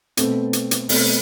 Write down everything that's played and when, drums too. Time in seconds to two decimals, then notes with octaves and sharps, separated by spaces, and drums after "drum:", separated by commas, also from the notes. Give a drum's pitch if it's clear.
0.17 B2 A3 C4, drum: hi-hat
0.53 drum: hi-hat
0.71 drum: hi-hat
0.89 B2 A3 C4, drum: open hi-hat